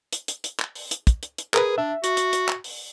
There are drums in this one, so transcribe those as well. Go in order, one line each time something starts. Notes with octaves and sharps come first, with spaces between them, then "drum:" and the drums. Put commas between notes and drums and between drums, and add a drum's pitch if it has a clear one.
drum: hi-hat
drum: hi-hat
drum: hi-hat
drum: clap
drum: open hi-hat
drum: hi-hat
drum: kick, hi-hat
drum: hi-hat
drum: hi-hat
G#4 A#4 B4, drum: clap
D4 E5
F#4, drum: hi-hat
drum: hi-hat
drum: hi-hat
drum: clap
drum: open hi-hat